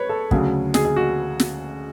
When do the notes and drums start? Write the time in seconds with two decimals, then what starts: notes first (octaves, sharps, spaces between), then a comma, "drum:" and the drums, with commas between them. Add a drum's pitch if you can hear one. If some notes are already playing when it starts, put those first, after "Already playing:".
Already playing: B4 C#5
0.09 A4
0.31 D2 C#3 F#3 G#4, drum: kick
0.74 G#4, drum: snare
0.85 G#4
0.96 F#4
1.40 drum: snare